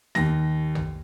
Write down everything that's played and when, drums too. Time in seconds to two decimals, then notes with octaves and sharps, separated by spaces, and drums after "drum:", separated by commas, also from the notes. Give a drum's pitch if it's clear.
0.15 D#2 A#6, drum: snare
0.75 drum: tom